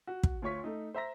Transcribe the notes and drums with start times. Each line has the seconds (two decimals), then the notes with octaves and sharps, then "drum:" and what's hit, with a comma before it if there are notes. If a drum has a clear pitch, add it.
0.07 F#4
0.23 drum: kick
0.42 D2 F4 C#5 C#6 B6
0.64 A3 D#4
0.94 C5 E5 A#5 A#6